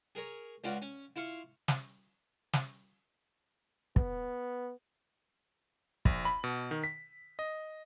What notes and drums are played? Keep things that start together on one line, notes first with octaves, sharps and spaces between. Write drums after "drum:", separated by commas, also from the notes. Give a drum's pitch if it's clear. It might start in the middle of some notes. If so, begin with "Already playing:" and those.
G#4 A#4 C#5
C#2 C#4 F4 F#4 D5
C#4
E4 F4 F5 C#6
drum: snare
drum: snare
B3, drum: kick
A#1, drum: kick
B5
B2
D#3
B6
D#5